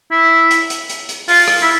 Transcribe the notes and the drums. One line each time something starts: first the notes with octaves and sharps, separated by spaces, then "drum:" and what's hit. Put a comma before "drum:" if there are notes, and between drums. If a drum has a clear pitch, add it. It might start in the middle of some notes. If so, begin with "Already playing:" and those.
E4
drum: hi-hat
drum: hi-hat
drum: hi-hat
drum: hi-hat
F4, drum: open hi-hat
drum: rim click
E4